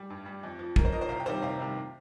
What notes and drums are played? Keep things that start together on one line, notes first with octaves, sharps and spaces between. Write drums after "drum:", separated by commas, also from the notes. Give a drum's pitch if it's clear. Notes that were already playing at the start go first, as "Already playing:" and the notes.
Already playing: G3
G2
G3
F2
F3
F2 A#4, drum: kick A#1
C5
F3 A#4 D#5
C5
C2 F5 A#5
G5
C3 D#3 G3 C5 F5
C2 C5 F5
C3 D#3 G3